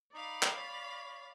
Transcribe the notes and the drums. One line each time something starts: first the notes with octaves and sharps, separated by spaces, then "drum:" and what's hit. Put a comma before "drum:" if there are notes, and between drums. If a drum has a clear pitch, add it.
D#4 D5 F5 B5
drum: clap
C#5